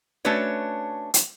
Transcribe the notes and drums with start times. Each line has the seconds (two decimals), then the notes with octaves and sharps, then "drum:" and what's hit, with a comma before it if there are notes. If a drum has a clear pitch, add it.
0.25 A3 C#4 D4 F#4 B4 C#5
1.14 drum: hi-hat